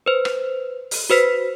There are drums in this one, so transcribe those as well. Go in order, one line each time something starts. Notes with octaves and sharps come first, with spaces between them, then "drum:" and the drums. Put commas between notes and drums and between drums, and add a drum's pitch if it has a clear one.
B4 C5
drum: rim click
drum: open hi-hat
F#4 B4 C5 B6